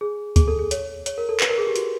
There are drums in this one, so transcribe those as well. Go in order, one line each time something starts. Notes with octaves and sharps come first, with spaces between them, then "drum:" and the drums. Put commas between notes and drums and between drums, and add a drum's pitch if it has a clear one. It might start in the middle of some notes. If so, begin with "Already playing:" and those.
G#4
G#4, drum: kick D2, hi-hat
A4
G#4
C#5, drum: hi-hat
C#5, drum: hi-hat
A#4
A4
B4, drum: clap
A#4
G#4
G4
F#4, drum: hi-hat